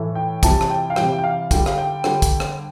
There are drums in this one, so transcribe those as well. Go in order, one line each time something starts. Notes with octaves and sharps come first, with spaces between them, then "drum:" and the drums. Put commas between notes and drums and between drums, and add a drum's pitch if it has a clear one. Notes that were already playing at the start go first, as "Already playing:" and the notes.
Already playing: A2 E3 A3
G5
C3 E3 G3 A5, drum: kick, hi-hat
drum: rim click
G5
F5
C3 E3 G3 G5, drum: rim click
G5
F5
D3 G3 G5, drum: kick, hi-hat
F5, drum: rim click
G5
D3 G3, drum: rim click
drum: kick, hi-hat
drum: rim click